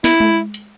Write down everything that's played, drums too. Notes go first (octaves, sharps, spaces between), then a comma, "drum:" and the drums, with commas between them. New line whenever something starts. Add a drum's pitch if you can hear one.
E4, drum: snare
drum: tom G#3
drum: hi-hat